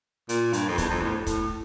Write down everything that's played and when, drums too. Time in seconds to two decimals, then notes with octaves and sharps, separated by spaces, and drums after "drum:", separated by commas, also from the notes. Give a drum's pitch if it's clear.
0.29 A#2, drum: hi-hat
0.53 G2, drum: hi-hat
0.68 F2
0.78 E2, drum: kick, hi-hat
0.90 F2
1.02 A2
1.26 A2, drum: kick, hi-hat